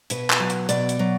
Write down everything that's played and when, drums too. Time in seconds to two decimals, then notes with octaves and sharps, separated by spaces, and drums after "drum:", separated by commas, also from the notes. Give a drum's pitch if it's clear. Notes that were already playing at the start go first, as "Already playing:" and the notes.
0.10 B2 B4, drum: hi-hat
0.30 drum: clap
0.40 F#3
0.50 drum: hi-hat
0.69 B2 D5, drum: hi-hat
0.89 drum: hi-hat
0.99 F#3